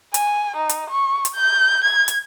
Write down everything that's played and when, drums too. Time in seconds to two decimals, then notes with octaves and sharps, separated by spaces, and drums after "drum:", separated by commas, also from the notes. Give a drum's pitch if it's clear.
0.14 G#5, drum: hi-hat
0.57 D#4
0.69 drum: hi-hat
0.91 C#6
1.25 drum: hi-hat
1.35 G6
1.84 G#6
2.08 drum: hi-hat